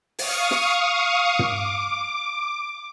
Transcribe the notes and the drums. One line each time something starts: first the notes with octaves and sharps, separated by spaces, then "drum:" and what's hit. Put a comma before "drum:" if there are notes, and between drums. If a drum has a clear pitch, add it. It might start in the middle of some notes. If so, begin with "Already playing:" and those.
F5 C#6 D#6, drum: open hi-hat
drum: snare
D6, drum: tom